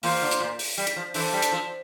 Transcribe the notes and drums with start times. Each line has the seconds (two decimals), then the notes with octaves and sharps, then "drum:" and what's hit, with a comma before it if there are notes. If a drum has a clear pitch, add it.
0.03 E2 A#3 F4 C5 F5, drum: open hi-hat
0.22 D3
0.31 drum: hi-hat
0.41 A#2
0.59 drum: open hi-hat
0.78 G3
0.87 drum: hi-hat
0.96 F3
1.14 E3 D4 A4 C5, drum: open hi-hat
1.33 G3
1.42 drum: hi-hat
1.52 F3